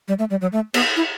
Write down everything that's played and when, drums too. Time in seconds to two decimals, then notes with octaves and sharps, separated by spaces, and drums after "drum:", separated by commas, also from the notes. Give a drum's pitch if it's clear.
0.08 G3
0.19 A3
0.30 G3
0.41 F#3
0.53 A3
0.74 B3, drum: cymbal
0.96 E4